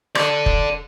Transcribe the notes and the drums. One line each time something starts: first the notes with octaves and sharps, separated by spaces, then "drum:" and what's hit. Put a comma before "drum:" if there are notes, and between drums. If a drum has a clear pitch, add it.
A4 D5, drum: rim click
drum: kick F1